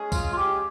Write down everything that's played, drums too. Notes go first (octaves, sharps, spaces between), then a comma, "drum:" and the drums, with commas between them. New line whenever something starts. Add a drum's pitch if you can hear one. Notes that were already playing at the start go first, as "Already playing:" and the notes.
Already playing: G#3 C#4 G#4
F4, drum: kick C2, tambourine
F4
G4